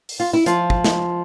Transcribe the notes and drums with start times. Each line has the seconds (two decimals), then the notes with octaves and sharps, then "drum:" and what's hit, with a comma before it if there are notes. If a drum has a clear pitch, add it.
0.09 drum: open hi-hat
0.20 F4
0.33 E4
0.46 F3 F4, drum: hi-hat
0.70 drum: kick
0.84 drum: snare